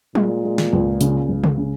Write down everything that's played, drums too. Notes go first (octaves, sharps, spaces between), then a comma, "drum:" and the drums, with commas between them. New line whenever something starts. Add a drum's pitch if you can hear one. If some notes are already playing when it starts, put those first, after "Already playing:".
A#2 G#3, drum: tom F#3
G#3
drum: snare
C#2
C#3, drum: hi-hat
C#2
drum: tom C3
C#3